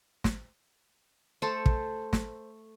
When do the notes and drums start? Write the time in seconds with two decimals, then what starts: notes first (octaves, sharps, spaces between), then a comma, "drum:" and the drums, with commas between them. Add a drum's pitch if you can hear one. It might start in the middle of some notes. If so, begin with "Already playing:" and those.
0.24 drum: snare
1.42 A3 A4 C5
1.66 drum: kick
2.13 drum: snare